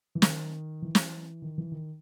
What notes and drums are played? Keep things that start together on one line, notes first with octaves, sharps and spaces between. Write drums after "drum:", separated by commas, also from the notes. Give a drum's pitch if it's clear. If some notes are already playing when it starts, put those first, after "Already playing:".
E3
D#3, drum: snare
E3
drum: snare
D#3
E3
D#3